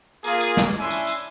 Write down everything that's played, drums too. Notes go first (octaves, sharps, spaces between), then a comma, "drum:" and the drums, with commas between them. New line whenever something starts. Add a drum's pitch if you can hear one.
A#3 F4 G#4, drum: tambourine
drum: tambourine
drum: snare
C#4 D4 E4 E5 G#5 C6
drum: tambourine
drum: tambourine